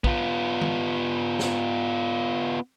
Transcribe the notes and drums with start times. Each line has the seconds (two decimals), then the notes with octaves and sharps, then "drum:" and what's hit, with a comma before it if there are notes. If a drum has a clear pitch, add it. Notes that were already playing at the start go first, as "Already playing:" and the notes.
0.04 B3 F4, drum: kick
0.61 drum: tom D#3
1.39 drum: snare